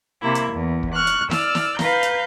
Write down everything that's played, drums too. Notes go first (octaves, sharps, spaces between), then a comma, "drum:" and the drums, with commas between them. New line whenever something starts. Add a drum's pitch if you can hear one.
C3 A#3 E4
drum: hi-hat
E2
drum: kick
C#6 F6 F#6
drum: hi-hat
D5 E6 F6, drum: snare
drum: snare
B4 F5 A#5 G6, drum: snare
drum: hi-hat